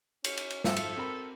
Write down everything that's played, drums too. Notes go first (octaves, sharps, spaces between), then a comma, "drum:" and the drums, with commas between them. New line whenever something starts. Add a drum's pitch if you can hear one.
C#4, drum: cymbal
drum: cymbal
drum: cymbal
G#1 F3 A4 E5, drum: snare
drum: cymbal
C4 A#4 B5